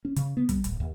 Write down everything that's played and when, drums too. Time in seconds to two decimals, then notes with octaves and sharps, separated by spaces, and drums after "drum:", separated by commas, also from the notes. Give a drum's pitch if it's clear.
0.05 C#4
0.16 C#3, drum: hi-hat
0.37 B3
0.49 G3, drum: kick, hi-hat
0.64 D1, drum: hi-hat
0.80 D#2